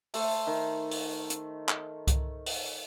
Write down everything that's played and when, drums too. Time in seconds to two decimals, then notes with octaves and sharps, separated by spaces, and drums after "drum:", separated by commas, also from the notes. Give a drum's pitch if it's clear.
0.14 A3 A4 C5, drum: open hi-hat
0.47 D#3
0.91 drum: open hi-hat
1.30 drum: hi-hat
1.69 drum: clap
2.07 drum: kick C2, hi-hat
2.46 drum: open hi-hat